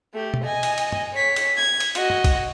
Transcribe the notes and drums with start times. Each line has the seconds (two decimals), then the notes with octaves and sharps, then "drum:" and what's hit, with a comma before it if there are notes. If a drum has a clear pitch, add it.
0.13 A3 G4
0.34 drum: tom B2
0.44 D#5 G#5
0.63 drum: cymbal
0.78 drum: cymbal
0.92 drum: tom
1.15 C#5 B6
1.36 drum: cymbal
1.57 G#6
1.80 drum: cymbal
1.95 F#4 D#5, drum: cymbal
2.10 drum: tom
2.24 drum: kick B1, cymbal